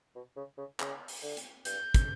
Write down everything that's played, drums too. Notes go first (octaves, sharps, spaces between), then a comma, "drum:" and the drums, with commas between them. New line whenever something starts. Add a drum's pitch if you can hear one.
B2
C#3
C#3
C#3, drum: clap
drum: open hi-hat
D3
drum: hi-hat
G2 G6, drum: hi-hat
drum: kick, hi-hat